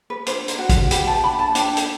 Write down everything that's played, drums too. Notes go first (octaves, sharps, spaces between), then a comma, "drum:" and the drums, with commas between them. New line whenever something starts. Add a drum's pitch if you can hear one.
B4
D4 C5, drum: hi-hat
drum: hi-hat
F#4
drum: kick, hi-hat
G4 B4, drum: hi-hat
A5
D4 B5
A5
D4 G5, drum: hi-hat
drum: hi-hat